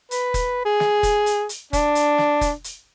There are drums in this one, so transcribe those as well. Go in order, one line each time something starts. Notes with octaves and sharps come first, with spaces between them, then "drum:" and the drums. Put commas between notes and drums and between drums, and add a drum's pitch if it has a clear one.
B4, drum: hi-hat
drum: kick, hi-hat
G#4
drum: snare
drum: kick, hi-hat
drum: hi-hat
drum: hi-hat
D4, drum: kick, hi-hat
drum: hi-hat
drum: snare
drum: kick, hi-hat
drum: hi-hat